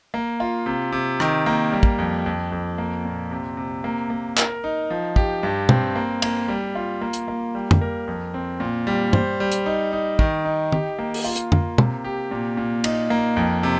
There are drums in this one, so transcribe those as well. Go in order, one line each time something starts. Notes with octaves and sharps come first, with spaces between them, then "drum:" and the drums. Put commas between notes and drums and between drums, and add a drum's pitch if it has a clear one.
A#3
F4
C3
C3
D#3, drum: rim click
A#3
G3
drum: kick
F2
F2
F2
A#3
A#2
C3
C3
A#3
A#3
A#4, drum: clap
D#4
F3
G4, drum: kick
G2
C4, drum: tom B2
A#3
A#3, drum: cymbal
G3
F4
A#3
drum: hi-hat
A#3
G3
drum: tom F2
A#4
F2
C4
A#2
G3
C5, drum: tom G2
G3
drum: hi-hat
D#4
D#4
D#3, drum: kick
D#4
G4, drum: tom
A#3
drum: open hi-hat
F4
drum: hi-hat
A#3, drum: tom F2
C3, drum: tom B2
G4
A#2
A#2
D#4, drum: cymbal
A#3
F2
C3